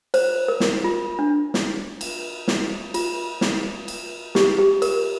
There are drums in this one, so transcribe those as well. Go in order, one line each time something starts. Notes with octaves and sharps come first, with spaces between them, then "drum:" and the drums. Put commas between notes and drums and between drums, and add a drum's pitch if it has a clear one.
C5, drum: cymbal
A#4
drum: snare
F4
D4
drum: snare
drum: cymbal
drum: snare
F4, drum: cymbal
drum: snare
drum: cymbal
G4, drum: snare
G4
A#4, drum: cymbal